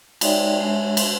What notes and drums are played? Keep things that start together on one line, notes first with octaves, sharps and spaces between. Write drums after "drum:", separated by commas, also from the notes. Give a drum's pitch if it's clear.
G#3 D#4 C#5 D5 E5 G5, drum: cymbal
G#3 D4 C#5 E5
drum: cymbal